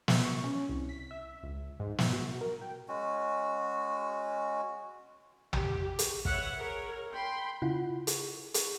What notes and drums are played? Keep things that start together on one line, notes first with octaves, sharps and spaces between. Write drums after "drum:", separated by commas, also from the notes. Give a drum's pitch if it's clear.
drum: snare
C#6
C#4
C2
B6
E5
C#2
G#2
A2, drum: snare
F#4
A#4
G5
G#3 C#4 F#4
G4, drum: tom
drum: hi-hat
B4 C#5 E5 F#5, drum: kick
G#4 A#4 C#5
G5 B5 C6
C#3 E4 F4 F#5
drum: hi-hat
drum: hi-hat